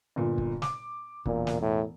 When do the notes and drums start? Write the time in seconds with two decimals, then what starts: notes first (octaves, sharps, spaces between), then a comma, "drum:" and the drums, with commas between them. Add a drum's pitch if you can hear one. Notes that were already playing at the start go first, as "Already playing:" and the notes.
0.16 G1 A#2
0.38 drum: kick
0.62 D6, drum: snare
1.26 E1 A#2, drum: kick
1.47 drum: snare
1.62 A2